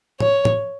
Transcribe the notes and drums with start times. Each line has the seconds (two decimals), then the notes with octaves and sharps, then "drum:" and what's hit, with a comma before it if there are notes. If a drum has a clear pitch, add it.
0.20 C#5, drum: tom A2
0.45 drum: tom A2